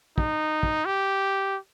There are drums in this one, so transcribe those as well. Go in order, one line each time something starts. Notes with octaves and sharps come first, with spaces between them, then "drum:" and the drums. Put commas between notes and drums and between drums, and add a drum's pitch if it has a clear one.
D#4, drum: kick
drum: kick
G4